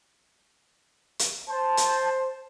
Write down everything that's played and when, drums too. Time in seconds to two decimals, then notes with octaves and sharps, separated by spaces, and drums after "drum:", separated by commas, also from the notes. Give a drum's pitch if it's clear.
1.19 drum: hi-hat
1.48 C5 A5
1.77 drum: hi-hat